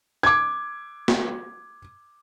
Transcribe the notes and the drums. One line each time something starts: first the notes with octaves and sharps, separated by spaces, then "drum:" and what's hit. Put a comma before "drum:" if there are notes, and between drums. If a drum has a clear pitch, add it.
D6 G#6
drum: snare